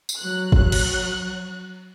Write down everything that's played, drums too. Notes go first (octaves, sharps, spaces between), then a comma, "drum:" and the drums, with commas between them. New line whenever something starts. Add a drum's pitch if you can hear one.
drum: tambourine
F#3 F#6
drum: kick
drum: cymbal